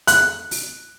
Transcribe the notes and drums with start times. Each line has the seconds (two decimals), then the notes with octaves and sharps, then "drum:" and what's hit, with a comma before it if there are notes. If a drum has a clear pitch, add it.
0.07 F#6, drum: hi-hat
0.51 drum: open hi-hat